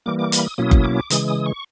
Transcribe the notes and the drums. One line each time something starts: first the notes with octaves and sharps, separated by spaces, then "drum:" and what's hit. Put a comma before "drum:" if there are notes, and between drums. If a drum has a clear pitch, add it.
E3 G3 A#3 D6
D6
B5, drum: hi-hat
D#6
B2 F#3 A#3 C#4 E4 D#6
drum: kick F#1
D6
C#3 E3 G#3 D#6, drum: hi-hat
D#6
C#6